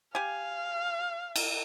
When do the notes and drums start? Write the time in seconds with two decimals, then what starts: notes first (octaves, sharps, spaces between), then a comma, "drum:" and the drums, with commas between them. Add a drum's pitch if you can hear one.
0.15 G4 F5 G#5
1.36 drum: cymbal